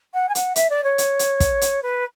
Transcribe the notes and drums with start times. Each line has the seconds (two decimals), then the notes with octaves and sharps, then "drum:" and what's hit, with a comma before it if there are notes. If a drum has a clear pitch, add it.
0.14 F#5
0.29 G#5
0.35 F#5, drum: hi-hat
0.56 E5, drum: hi-hat
0.70 D5
0.84 C#5
0.98 drum: hi-hat
1.19 drum: hi-hat
1.40 drum: kick, hi-hat
1.61 drum: hi-hat
1.83 B4